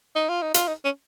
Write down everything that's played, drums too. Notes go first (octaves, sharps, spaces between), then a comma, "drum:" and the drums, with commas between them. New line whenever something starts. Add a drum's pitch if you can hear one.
D#4
F4
D#4
F4, drum: hi-hat
D#4
C#4